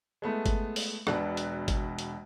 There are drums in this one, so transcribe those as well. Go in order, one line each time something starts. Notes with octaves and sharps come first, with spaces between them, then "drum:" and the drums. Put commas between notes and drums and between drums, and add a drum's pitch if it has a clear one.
G#3 A3 B3 E4
drum: kick G1, hi-hat
drum: open hi-hat
E1 B2 B3 D4 F#4 F#6, drum: rim click
drum: hi-hat
drum: kick G1, hi-hat
drum: hi-hat